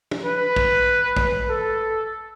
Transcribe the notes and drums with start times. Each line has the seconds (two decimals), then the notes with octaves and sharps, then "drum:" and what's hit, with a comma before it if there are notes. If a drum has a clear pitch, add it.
0.11 drum: tom
0.24 B4
0.56 drum: kick
1.17 drum: kick
1.49 A4